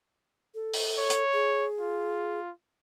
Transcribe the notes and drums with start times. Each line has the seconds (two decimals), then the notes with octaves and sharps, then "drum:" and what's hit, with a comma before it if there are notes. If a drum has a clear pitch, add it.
0.55 A4
0.73 drum: open hi-hat
0.98 C#5
1.10 drum: hi-hat
1.33 G#4
1.80 F4